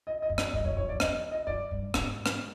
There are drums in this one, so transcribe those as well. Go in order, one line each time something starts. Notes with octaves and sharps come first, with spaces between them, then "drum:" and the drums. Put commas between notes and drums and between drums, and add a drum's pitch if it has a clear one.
D#5
D#5
F#2
D5, drum: rim click
G2 D#5
F#2 C#5
F#2 C#5
F2 D5
E2 D#5, drum: rim click
D#5
F#2 D5
G2
G#2, drum: rim click
drum: rim click